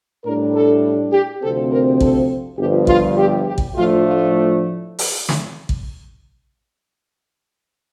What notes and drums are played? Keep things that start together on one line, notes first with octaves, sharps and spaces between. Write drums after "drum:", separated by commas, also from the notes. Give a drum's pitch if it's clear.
A2 G3 D4 A#4
A4
G4
D2 C3 F3 C4 A4
A#4
A4, drum: kick A1
G1 G2 F3 G4
F4, drum: kick A1
G4
G4
drum: kick A1
A2 F3 A3 D4 F4
F4
drum: open hi-hat
drum: snare
drum: kick A1